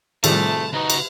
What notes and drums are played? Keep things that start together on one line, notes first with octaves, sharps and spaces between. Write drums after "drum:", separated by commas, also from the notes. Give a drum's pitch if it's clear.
A2 C3 D#3 F3 G3 A3 G#4 A5, drum: cymbal
C#3 D#4 F#4 B4
drum: cymbal